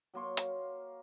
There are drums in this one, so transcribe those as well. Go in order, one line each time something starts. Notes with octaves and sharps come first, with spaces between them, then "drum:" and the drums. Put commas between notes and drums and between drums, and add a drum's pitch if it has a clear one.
F#3 A#3 C6 C#6
F5, drum: hi-hat